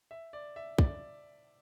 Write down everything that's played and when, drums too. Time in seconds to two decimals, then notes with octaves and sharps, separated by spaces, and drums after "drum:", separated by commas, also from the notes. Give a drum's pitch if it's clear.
0.11 E5
0.33 D5
0.56 E5
0.78 D5, drum: kick